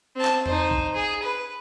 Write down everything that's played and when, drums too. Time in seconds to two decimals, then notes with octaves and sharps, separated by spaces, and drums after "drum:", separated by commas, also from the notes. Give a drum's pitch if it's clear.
0.16 C4 A5
0.25 drum: clap
0.46 D#4 C5, drum: tom E2
0.71 drum: kick A1
0.94 G#4
1.22 B4